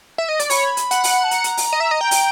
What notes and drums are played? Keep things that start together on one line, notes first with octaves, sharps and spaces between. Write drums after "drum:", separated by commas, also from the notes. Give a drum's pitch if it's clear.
E5
D#5
D5, drum: hi-hat
C#5 B5, drum: open hi-hat
drum: hi-hat
F#5, drum: hi-hat
drum: open hi-hat
A5
A#5, drum: hi-hat
drum: hi-hat
drum: open hi-hat
D#5
E5
D#5
G5
drum: open hi-hat